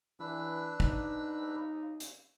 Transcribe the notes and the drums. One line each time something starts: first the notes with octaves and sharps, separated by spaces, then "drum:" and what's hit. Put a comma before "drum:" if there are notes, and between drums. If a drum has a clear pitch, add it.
E3 D4 B4 E6
D#4, drum: kick
drum: hi-hat